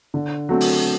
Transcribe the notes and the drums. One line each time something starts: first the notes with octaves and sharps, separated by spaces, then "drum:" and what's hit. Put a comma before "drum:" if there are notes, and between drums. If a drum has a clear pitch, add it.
D3
F#3 A3 C4
drum: open hi-hat